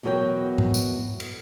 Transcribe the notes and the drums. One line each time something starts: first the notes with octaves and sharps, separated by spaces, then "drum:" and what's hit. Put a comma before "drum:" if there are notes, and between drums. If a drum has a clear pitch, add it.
E2 B2 F#3 G#4 A#4 G5
drum: tom G#2
drum: tambourine
drum: cymbal